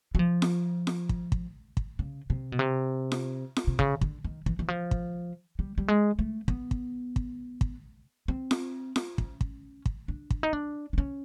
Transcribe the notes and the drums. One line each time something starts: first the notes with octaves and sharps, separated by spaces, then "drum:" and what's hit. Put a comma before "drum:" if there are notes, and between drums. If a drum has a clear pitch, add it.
F#3
F3
drum: snare F4
drum: snare F4
drum: kick
drum: kick
drum: kick
C#3
C3
B2
C3
drum: snare F4
drum: snare F4
C3
C#3, drum: kick
D3, drum: kick
D#3
E3, drum: kick
E3
F3
drum: kick
G3
G3
G#3
A3
B3, drum: kick
drum: kick
drum: kick
drum: kick
C4
drum: snare F4
drum: snare F4
C#4, drum: kick
drum: kick
drum: kick
D4
drum: kick
D#4
D4
D4
C#4